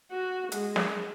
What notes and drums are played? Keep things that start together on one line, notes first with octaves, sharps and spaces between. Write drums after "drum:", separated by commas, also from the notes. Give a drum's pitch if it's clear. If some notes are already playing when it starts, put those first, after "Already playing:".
F#4
G#3, drum: hi-hat
drum: snare